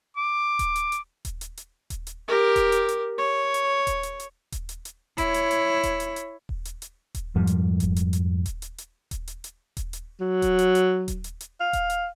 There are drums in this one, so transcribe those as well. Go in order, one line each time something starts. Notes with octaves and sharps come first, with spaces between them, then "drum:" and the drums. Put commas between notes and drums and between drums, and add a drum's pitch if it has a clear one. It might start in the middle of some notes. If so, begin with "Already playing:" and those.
D6
drum: kick D#1, hi-hat
drum: hi-hat
drum: hi-hat
drum: kick D#1, hi-hat
drum: hi-hat
drum: hi-hat
drum: kick D#1, hi-hat
drum: hi-hat
G4 A#4
drum: kick D#1, hi-hat
drum: hi-hat
drum: hi-hat
C#5
drum: hi-hat
drum: kick D#1, hi-hat
drum: hi-hat
drum: hi-hat
drum: kick D#1, hi-hat
drum: hi-hat
drum: hi-hat
E4 C#5, drum: kick D#1, hi-hat
drum: hi-hat
drum: hi-hat
drum: kick D#1, hi-hat
drum: hi-hat
drum: hi-hat
drum: kick D#1
drum: hi-hat
drum: hi-hat
drum: kick D#1, hi-hat
F2 G#2 F3 G3
drum: hi-hat
drum: kick D#1, hi-hat
drum: hi-hat
drum: hi-hat
drum: kick D#1, hi-hat
drum: hi-hat
drum: hi-hat
drum: kick D#1, hi-hat
drum: hi-hat
drum: hi-hat
drum: kick D#1, hi-hat
drum: hi-hat
F#3
drum: kick D#1, hi-hat
drum: hi-hat
drum: hi-hat
drum: kick D#1, hi-hat
drum: hi-hat
drum: hi-hat
F5
drum: kick D#1, hi-hat
drum: hi-hat